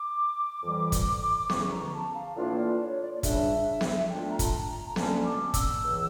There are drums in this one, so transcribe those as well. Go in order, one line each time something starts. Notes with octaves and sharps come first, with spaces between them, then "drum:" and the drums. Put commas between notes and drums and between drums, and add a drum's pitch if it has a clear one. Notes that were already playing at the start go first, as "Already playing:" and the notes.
Already playing: D6
F2 E3 G3
drum: kick, hi-hat
E2 D3 F3 C#4 C#6, drum: snare B3
A#5
A5
F5
A2 E3 A#3 D4 F4 D5
D5
D5
C#5
D5
D5
C#2 C#3 G3 D4 E5, drum: kick, hi-hat
drum: snare B3
D3 A3 D4 F4 G5
A#5
A5, drum: kick, hi-hat
A#5
A#5
D2 D3 G3 A#3 C#4 A5, drum: snare B3
D6
E6, drum: kick, hi-hat
C#2 C#3 E3